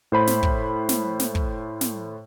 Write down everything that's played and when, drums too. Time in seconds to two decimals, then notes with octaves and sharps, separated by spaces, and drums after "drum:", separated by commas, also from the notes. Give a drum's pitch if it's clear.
0.12 A2 C5 B5
0.27 drum: snare
0.43 drum: kick
0.89 drum: snare
1.19 drum: snare
1.35 drum: kick
1.81 drum: snare